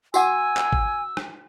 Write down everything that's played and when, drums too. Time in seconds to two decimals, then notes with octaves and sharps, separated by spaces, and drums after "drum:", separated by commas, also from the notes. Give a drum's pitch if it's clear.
0.14 F#4 F#5 G#5 D6 E6, drum: tambourine
0.57 drum: clap
0.73 drum: kick G#1
1.17 drum: rim click